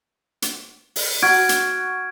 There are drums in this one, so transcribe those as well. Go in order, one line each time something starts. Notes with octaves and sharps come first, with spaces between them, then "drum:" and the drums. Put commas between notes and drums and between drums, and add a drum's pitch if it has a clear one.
drum: hi-hat
drum: open hi-hat
F#4 F6 G#6 D7
drum: hi-hat